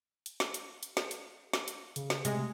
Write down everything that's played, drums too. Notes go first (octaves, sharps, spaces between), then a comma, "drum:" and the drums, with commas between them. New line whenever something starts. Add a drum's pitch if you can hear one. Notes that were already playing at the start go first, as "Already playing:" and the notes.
drum: hi-hat
drum: snare
drum: hi-hat
drum: hi-hat
drum: snare
drum: hi-hat
drum: snare
drum: hi-hat
C#3, drum: hi-hat
drum: snare
C3 G#3, drum: hi-hat